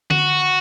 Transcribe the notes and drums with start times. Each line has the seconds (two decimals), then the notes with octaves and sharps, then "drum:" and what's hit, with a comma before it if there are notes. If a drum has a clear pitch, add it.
0.11 F#4, drum: tom D3